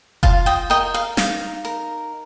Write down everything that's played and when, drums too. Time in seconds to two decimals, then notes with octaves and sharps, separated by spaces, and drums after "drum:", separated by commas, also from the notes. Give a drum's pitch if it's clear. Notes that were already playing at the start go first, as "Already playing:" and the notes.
0.23 F4 F5 A5, drum: kick F1
0.46 D#5 G5
0.70 A#4 D#5 G5
0.94 F5
1.17 D#4 F5, drum: snare
1.65 A#4